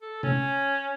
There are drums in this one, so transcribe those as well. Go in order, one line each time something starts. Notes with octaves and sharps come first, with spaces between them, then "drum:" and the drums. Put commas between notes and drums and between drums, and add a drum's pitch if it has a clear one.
A4
C#4, drum: tom